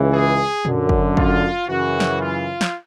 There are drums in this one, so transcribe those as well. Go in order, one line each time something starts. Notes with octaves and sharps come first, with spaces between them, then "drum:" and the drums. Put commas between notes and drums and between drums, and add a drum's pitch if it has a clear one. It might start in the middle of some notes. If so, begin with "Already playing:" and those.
Already playing: C#2 C#3 E3
G#4
F#2 D3, drum: tom A#2
drum: kick
F4, drum: kick
F#2 C#3 E3 F#4
drum: snare
F4
drum: snare